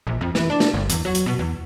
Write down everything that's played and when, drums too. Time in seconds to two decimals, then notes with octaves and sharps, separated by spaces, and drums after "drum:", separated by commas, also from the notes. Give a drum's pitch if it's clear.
0.07 A#1
0.21 F2
0.35 E3, drum: snare
0.50 D4
0.60 drum: snare
0.74 G1
0.90 E2, drum: hi-hat
1.05 F#3
1.15 drum: hi-hat
1.26 B2
1.39 E2